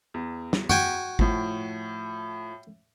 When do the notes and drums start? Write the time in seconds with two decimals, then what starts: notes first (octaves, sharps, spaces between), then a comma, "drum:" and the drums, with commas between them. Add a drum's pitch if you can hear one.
0.14 E2
0.53 drum: snare
0.70 F#4 G5 G#5, drum: tom F#2
1.19 A2 F3, drum: kick G#1